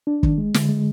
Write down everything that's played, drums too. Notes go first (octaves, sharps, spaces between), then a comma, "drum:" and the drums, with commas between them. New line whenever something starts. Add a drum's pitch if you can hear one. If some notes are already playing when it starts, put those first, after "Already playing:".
D4
D#3, drum: kick
G#3
D3, drum: snare
G#3